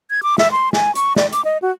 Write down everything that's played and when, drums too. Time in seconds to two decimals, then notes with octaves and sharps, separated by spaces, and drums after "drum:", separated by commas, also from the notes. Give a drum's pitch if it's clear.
0.10 G#6
0.23 D6
0.38 E5, drum: snare
0.51 C6
0.73 G#5, drum: snare
0.95 C#6, drum: hi-hat
1.16 D5, drum: snare
1.33 D6, drum: hi-hat
1.45 D#5
1.62 F#4